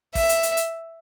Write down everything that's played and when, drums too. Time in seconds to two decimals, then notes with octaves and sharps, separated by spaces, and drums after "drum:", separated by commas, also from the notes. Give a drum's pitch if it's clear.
0.15 E5, drum: kick, open hi-hat
0.29 drum: hi-hat
0.43 drum: hi-hat
0.57 drum: hi-hat